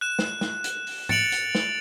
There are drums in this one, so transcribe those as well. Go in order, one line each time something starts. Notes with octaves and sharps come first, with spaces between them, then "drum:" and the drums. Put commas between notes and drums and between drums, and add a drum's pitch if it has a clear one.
F#6 E7
drum: snare
drum: snare
drum: hi-hat
drum: open hi-hat
A6 C#7 D7 F7 F#7, drum: tom G#2
drum: hi-hat
drum: snare